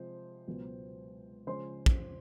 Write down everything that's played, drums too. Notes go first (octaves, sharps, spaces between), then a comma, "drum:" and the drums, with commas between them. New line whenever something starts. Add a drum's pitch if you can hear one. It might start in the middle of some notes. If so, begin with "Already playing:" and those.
Already playing: C3 F3 G#3 C5
C#2 B2 F#3 B3
C#3 F3 G#3 C#4 C5 C6
drum: kick